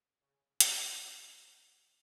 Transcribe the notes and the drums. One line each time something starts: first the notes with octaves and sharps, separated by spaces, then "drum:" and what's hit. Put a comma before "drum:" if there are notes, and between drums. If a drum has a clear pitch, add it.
C#3
B2, drum: hi-hat